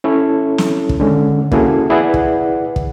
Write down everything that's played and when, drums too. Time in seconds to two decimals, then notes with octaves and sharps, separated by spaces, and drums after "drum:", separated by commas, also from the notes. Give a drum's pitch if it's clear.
0.04 C#4 E4 A4 C#5
0.58 drum: snare
0.89 drum: kick
1.00 D3 G#3 C#4
1.52 A#3 C#4 E4 F#4 G#4 A4, drum: kick
1.90 E4 G#4 B4 D5 E5 F#5
2.14 drum: kick
2.76 drum: kick